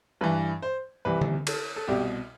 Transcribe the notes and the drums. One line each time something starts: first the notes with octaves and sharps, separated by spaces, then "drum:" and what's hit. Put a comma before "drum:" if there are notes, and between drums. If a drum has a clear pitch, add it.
G2 E3 B4
C5
C2 C3 E3 B4
drum: tom D3
A4, drum: cymbal
A4
C2 B2 G4